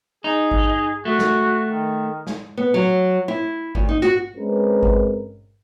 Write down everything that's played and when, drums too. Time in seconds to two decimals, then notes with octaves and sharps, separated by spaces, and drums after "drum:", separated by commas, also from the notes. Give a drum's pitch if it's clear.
0.24 D#4 G#4
0.51 drum: kick G#1
1.05 A3 F#4
1.19 drum: snare
1.68 D#3
2.27 drum: snare
2.57 B3
2.74 F#3
3.28 E4
3.75 D2, drum: kick G#1
3.89 D#4
4.02 F#4
4.36 G#3 C4 C#4 A#4 B4
4.83 drum: kick G#1